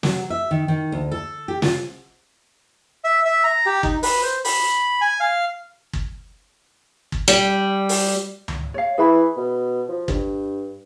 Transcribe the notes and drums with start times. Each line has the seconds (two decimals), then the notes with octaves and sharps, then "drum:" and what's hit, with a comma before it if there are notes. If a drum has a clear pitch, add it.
0.03 F#3, drum: snare
0.30 E5
0.51 D#3
0.68 D#3
0.92 D2
1.11 A4
1.48 G4
1.62 F4, drum: snare
3.04 E5
3.25 E5
3.44 A#5
3.66 G4
3.83 D#4, drum: kick
4.03 B4, drum: open hi-hat
4.23 C5
4.45 B5, drum: open hi-hat
5.01 G#5
5.20 F5
5.93 drum: kick
7.12 drum: kick
7.28 G3
7.89 drum: open hi-hat
8.48 drum: tom C#2
8.74 C#5 F5
8.98 E3 G#4 E5 B5
9.37 B2
9.89 F3
10.08 G2, drum: kick